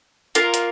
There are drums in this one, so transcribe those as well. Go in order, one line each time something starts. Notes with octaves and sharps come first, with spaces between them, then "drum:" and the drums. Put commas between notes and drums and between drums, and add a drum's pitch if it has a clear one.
A#3 F4 A#4, drum: hi-hat
drum: hi-hat